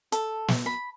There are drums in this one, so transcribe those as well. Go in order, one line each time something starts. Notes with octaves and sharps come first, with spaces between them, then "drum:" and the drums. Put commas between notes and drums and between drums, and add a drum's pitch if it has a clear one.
A4, drum: hi-hat
drum: snare
B5